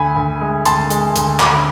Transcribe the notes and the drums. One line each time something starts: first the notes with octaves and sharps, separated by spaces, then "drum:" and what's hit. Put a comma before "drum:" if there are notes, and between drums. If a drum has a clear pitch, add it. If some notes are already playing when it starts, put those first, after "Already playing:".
Already playing: D2 G#5 B5
D2
G#3
D2 A5 C6, drum: hi-hat
G#3, drum: hi-hat
D2, drum: hi-hat
D2 B5 D6, drum: clap